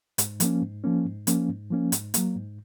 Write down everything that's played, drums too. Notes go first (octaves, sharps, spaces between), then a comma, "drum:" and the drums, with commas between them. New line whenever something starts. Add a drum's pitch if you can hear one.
G#2, drum: hi-hat
F3 A#3 C#4, drum: hi-hat
G#2
F3 A#3 C#4
G#2
F3 A#3 C#4, drum: hi-hat
G#2
F3 A#3 C#4
G#2, drum: hi-hat
F#3 A#3, drum: hi-hat
G#2